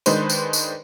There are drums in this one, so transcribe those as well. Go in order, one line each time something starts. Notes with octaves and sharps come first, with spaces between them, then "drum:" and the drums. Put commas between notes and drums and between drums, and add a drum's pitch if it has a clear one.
D#3 G#3 D4 B4 C5, drum: tambourine
drum: tambourine
drum: tambourine